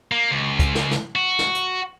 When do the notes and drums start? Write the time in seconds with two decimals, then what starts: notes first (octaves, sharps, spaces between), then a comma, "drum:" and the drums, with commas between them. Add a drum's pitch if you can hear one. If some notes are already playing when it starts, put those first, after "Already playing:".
0.12 A#3
0.31 C#2
0.59 drum: kick C#2, hi-hat
0.75 drum: snare
0.91 drum: snare
1.16 F#4
1.39 drum: snare
1.55 drum: hi-hat